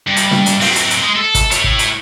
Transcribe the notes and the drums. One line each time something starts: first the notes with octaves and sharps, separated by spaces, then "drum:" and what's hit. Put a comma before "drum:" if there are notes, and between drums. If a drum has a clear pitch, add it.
G2
drum: hi-hat
drum: snare
drum: hi-hat
F#3 C4, drum: open hi-hat
drum: hi-hat
drum: hi-hat
G#3
A4
drum: kick, hi-hat
E4 C#5, drum: hi-hat
drum: kick
drum: hi-hat